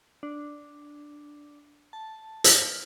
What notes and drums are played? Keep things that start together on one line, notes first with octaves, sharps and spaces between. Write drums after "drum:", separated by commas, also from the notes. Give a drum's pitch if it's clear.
D4
A5
F6, drum: hi-hat